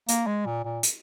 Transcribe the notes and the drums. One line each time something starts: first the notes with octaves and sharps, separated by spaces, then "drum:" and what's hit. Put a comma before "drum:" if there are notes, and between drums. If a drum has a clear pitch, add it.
A#3, drum: hi-hat
G#3
A#2
A#2
drum: hi-hat